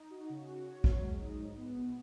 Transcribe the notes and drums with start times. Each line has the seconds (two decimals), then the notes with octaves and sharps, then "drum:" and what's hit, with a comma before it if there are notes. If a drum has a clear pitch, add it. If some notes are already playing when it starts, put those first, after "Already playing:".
Already playing: D#4
0.10 F#4
0.30 C#3
0.47 F#4
0.66 C#5
0.84 F#3, drum: kick A#1
1.02 G#3
1.21 D#4
1.39 G#2
1.57 B3
1.76 B2